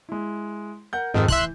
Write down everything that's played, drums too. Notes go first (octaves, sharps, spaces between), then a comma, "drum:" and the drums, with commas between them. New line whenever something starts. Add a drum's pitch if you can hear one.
G#3 E4
A#4 F#5 G6
F2 G#2 D#3 D#5 A5 E6
E3 E5 C6 F#6, drum: kick